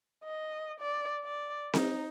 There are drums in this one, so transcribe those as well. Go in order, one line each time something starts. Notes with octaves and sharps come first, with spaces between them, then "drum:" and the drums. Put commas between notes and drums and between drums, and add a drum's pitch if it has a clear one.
D#5
D5
D5
D#4, drum: snare C4